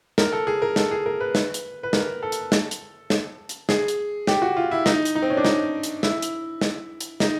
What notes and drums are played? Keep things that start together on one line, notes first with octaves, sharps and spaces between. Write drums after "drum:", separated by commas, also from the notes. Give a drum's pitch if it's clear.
A#4, drum: snare
A4
G#4
A#4
A4, drum: snare
G#4
A#4
B4
drum: snare
drum: hi-hat
B4
A#4, drum: snare
A4
drum: hi-hat
drum: snare
drum: hi-hat
drum: snare
drum: hi-hat
G#4, drum: snare
drum: hi-hat
G4, drum: snare
F#4
F4
E4
D#4, drum: snare
drum: hi-hat
D#4
C4
C#4
D4
D#4, drum: snare
drum: hi-hat
E4, drum: snare
drum: hi-hat
drum: snare
drum: hi-hat
D#4, drum: snare